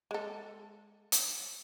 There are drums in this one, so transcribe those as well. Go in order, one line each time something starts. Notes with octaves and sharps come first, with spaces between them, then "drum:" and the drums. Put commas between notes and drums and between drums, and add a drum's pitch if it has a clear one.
G#3 A4
drum: hi-hat